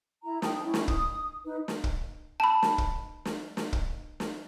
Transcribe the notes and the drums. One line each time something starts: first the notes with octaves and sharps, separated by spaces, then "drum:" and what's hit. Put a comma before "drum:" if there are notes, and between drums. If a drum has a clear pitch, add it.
E4 A#5
G5 A5 D#6, drum: snare
C#4 E4
drum: snare
D#6, drum: kick
D#4 B4
drum: snare
drum: kick
A5 B5
drum: snare
drum: kick
drum: snare
drum: snare
drum: kick
drum: snare